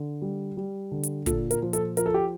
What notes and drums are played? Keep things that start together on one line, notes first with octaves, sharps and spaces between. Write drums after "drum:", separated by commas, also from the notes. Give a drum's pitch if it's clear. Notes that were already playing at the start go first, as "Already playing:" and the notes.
Already playing: D3
G3
G3
D3
drum: hi-hat
A#2 A4, drum: kick, hi-hat
A#4, drum: hi-hat
F3
A4, drum: hi-hat
F3 A#4, drum: hi-hat
A4
G4